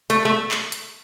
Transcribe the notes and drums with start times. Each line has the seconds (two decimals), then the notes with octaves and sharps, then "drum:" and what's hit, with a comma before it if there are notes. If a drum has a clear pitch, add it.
0.10 A3, drum: hi-hat
0.25 A3
0.51 drum: clap
0.72 drum: hi-hat